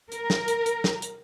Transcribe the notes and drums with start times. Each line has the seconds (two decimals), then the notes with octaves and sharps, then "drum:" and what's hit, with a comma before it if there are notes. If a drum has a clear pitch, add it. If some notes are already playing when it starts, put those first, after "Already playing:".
0.12 A#4, drum: hi-hat
0.30 drum: snare
0.48 drum: hi-hat
0.66 drum: hi-hat
0.84 drum: snare
1.02 drum: hi-hat